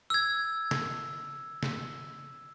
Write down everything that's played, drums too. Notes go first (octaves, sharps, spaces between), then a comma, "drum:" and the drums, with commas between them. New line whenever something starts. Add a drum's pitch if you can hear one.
E6 G#6
drum: snare
drum: snare